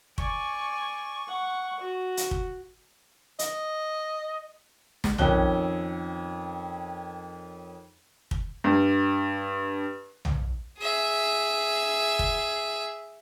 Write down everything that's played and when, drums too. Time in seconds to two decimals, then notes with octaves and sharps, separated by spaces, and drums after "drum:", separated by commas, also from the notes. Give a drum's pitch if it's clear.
0.18 D5 G#5 C#6, drum: kick
1.28 F#5
1.80 F#4
2.17 drum: hi-hat
2.31 drum: kick
3.39 D#5, drum: hi-hat
5.04 drum: snare
5.18 F2 D#3 C#4 C#5 F#6 G7, drum: tom B1
8.31 drum: kick
8.64 G2
10.25 drum: tom B1
10.79 G#4 E5
12.19 drum: kick